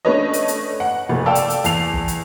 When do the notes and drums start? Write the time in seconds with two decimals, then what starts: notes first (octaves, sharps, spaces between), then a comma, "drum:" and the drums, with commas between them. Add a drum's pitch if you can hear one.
0.05 A3 C#4 D4 B4 C#5 D#5
0.33 drum: hi-hat
0.48 drum: hi-hat
0.80 F#5
1.09 F1 A3
1.26 A4 D5 F5 G5 A5 E6
1.35 drum: hi-hat
1.50 drum: hi-hat
1.64 E2 A5 C7 F7, drum: hi-hat
1.93 drum: kick
2.08 drum: hi-hat